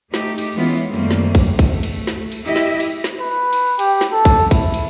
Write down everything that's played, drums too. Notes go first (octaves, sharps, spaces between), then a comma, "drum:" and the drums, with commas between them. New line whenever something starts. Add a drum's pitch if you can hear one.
A3 D#4 G4, drum: snare
drum: cymbal
E3 G#3 B3 C#4 E4 F4
F#2 D#3 G3 A3 A#3 C4
drum: snare
drum: kick, cymbal
drum: kick, cymbal
A3
drum: cymbal
drum: snare
drum: cymbal
E4 G4 D#5 E5
drum: snare
drum: cymbal
drum: snare
B4
drum: cymbal
G4, drum: cymbal
drum: snare
A4
drum: kick, cymbal
E4, drum: kick, cymbal
drum: cymbal